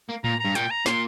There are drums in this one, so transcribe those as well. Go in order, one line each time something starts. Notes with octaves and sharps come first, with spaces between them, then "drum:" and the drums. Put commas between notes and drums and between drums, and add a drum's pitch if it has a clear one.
A#3
A#2 A#5, drum: tom A2
G2 A#5
A#2 G5, drum: hi-hat
A#5
A#2 C6, drum: snare